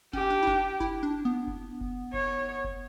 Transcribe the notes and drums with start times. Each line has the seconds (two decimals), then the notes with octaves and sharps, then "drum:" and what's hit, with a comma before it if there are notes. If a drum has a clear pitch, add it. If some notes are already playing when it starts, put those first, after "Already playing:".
0.13 C#4 G4, drum: kick F#1
0.30 D4
0.43 E4
0.47 D4, drum: kick F#1
0.80 E4, drum: kick F#1
1.03 D4
1.25 B3
1.47 drum: kick F#1
1.81 drum: kick F#1
2.14 C#5, drum: kick F#1
2.64 drum: kick F#1